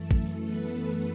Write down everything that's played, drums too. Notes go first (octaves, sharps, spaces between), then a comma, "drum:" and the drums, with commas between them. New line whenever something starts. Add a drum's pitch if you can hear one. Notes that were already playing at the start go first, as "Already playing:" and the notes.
Already playing: F#2 E3 A3 A4
drum: kick
B3 B4